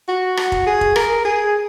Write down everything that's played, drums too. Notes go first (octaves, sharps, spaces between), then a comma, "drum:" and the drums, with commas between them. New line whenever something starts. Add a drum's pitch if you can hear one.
F#4
drum: rim click
drum: kick
G#4
drum: kick
A#4, drum: rim click
G#4